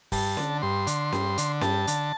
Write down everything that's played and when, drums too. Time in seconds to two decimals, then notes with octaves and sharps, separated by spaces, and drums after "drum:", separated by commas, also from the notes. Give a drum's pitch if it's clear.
0.12 G2 A5, drum: kick, open hi-hat
0.37 D3, drum: snare C#4
0.62 G2 C6
0.87 D3, drum: hi-hat
1.12 G2, drum: snare C#4
1.38 D3, drum: hi-hat
1.61 G2 A5, drum: snare C#4
1.87 D3, drum: hi-hat